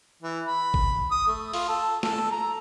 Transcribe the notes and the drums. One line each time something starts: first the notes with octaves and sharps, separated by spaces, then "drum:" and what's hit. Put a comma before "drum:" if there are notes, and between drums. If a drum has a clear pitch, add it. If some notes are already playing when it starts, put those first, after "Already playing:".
E3
B5
drum: kick G1
D#6
A3
F4, drum: open hi-hat
A4
A4, drum: snare
A#5